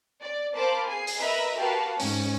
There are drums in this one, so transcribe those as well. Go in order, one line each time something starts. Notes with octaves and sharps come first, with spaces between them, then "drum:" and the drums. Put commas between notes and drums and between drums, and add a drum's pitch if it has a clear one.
D5
A#4 C5 F5 A5 B5 D6
G#4 G#5 C7
drum: open hi-hat
A#4 B4 D#5 E5 A#5 B5
F#4 G4 A#4 B4 F5 A5
G#2 C#4, drum: open hi-hat